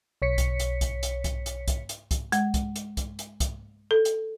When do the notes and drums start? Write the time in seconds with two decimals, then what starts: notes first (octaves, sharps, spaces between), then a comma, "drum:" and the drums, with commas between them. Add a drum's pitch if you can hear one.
0.22 B1 C#5 B6 C#7
0.38 drum: kick, hi-hat
0.60 drum: hi-hat
0.81 drum: kick, hi-hat
1.03 drum: hi-hat
1.24 drum: kick, hi-hat
1.46 drum: hi-hat
1.68 drum: kick, hi-hat
1.89 drum: hi-hat
2.11 drum: kick, hi-hat
2.32 G#3, drum: hi-hat
2.54 drum: kick, hi-hat
2.76 drum: hi-hat
2.97 drum: kick, hi-hat
3.19 drum: hi-hat
3.40 drum: kick, hi-hat
3.91 A4
4.05 drum: hi-hat